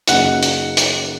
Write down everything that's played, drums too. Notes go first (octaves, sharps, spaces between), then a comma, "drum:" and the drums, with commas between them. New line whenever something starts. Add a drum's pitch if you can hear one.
F#2 C#3 F#3 A#3 D#4 F#5, drum: hi-hat
drum: hi-hat
drum: hi-hat